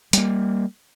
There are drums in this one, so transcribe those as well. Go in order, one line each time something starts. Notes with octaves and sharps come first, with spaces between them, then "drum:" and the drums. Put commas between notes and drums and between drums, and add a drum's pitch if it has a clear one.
G3 A#3, drum: hi-hat